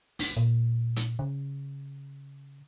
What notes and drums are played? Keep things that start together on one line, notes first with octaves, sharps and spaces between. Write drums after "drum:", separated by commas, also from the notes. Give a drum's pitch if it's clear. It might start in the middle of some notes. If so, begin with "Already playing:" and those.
drum: open hi-hat
A#2
drum: hi-hat
C#3